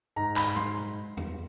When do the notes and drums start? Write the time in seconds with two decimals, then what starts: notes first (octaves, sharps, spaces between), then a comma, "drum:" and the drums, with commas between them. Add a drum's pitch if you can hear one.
0.16 G#2 A#5
0.36 B5, drum: clap
0.46 G#2
0.56 C6, drum: tom
1.17 drum: tom E2